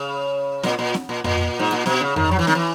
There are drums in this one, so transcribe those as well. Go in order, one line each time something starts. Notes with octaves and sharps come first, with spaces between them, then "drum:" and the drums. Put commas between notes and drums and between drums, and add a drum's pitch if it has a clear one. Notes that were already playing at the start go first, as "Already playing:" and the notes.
Already playing: C#3
A#2, drum: snare C4
A#2
drum: snare C4
A#2
A#2, drum: tom F2
G#2
A#2
B2, drum: snare C4
C#3
D#3, drum: tom F2
F#3
E3
D#3, drum: snare C4
E3